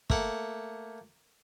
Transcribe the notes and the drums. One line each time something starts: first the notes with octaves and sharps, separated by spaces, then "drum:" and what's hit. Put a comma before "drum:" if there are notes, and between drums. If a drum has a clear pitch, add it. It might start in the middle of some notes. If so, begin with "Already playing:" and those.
A3 A#3 F#5, drum: kick